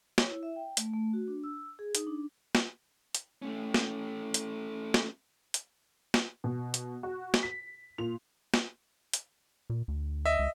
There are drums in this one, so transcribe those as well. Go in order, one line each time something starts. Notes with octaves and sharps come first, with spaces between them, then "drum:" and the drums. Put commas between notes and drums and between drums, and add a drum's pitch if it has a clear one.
C#5, drum: snare
E4
E5
G5
A3, drum: hi-hat
A3
F#4
D4
E6
G#4
D#4, drum: hi-hat
D4
drum: snare
drum: hi-hat
A3 C#4
drum: snare
drum: hi-hat
drum: snare
drum: hi-hat
drum: snare
B2
drum: hi-hat
F#4
drum: snare
B6
A#2 F7
drum: snare
drum: hi-hat
A#2
D2
D#5 E5
C#2